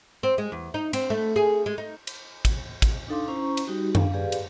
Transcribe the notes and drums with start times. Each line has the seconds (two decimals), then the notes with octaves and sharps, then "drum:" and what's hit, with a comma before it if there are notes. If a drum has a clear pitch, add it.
0.23 C4
0.38 G#3
0.52 E2
0.74 D#4
0.93 C4, drum: cymbal
1.10 A3
1.36 G#4
1.66 G#3
1.78 D#4
2.07 drum: cymbal
2.45 drum: kick, cymbal
2.82 drum: kick, cymbal
3.08 D4 D#4 A4 F5 C6 D6
3.28 C#4 E4 C5 A#5 C#6
3.57 drum: cymbal
3.67 G3 D#4 F#4 G4
3.95 D4 F5, drum: tom F#2
4.14 G4 G#4 B4 D5 F5
4.32 drum: cymbal